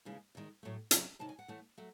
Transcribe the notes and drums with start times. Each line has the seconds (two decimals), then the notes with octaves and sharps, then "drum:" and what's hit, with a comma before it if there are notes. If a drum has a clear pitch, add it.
0.05 D#2 C#3 E3 G#3
0.35 E2 D#3 G#3
0.63 A2 F#3 A3
0.91 F#2 C#3 F#3, drum: hi-hat
1.19 C3 D#3 F#3 A5
1.29 G#5
1.39 F#5
1.48 A2 E3 A3
1.78 F#3 A3